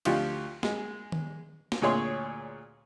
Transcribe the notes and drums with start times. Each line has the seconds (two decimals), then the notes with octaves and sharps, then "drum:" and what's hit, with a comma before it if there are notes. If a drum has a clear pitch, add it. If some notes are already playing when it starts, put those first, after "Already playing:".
0.05 D2 F3 F4 G4, drum: cymbal
0.63 G#3, drum: snare
1.12 drum: tom D#3
1.72 drum: snare
1.81 D2 A#2 G#4 C#5 C6